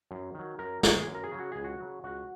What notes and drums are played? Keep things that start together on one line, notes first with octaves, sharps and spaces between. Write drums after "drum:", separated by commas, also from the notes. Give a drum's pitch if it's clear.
F#2
D#3 F#3
F#2 A#4
C#3 F#3 G#4, drum: snare
F#2
A#4
G#4
C#3 F#3
F#4
C#2 G#4
F#4
C#3 F#3
C#2 F#4